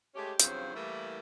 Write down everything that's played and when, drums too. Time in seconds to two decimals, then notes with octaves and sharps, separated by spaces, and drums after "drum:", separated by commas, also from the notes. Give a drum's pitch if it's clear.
0.15 G#3 A3 C#4 G4
0.39 G2 C#3 F3 F#3 C4 C5, drum: hi-hat
0.74 E3 G3 A3 A#3 E4 A#4